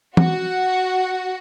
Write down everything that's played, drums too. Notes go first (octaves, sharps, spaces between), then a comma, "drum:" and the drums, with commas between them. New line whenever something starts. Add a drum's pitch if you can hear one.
F#4, drum: tom E3